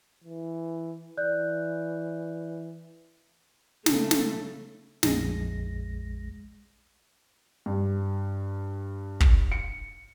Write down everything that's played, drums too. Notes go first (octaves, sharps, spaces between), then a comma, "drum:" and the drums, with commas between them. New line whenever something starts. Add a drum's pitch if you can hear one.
E3
E3 D5 F#6 G6
C#3 A3 A4, drum: snare
drum: snare
A#1 F2 G#3 A#6, drum: snare
G2
drum: kick
C#7